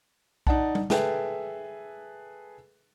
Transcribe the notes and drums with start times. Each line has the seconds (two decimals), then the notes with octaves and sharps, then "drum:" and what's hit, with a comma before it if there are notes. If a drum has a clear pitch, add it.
0.47 D#4 D5 F#5 A5, drum: kick B1
0.75 drum: tom G3
0.90 G#4 A4 B4 E5 G5, drum: snare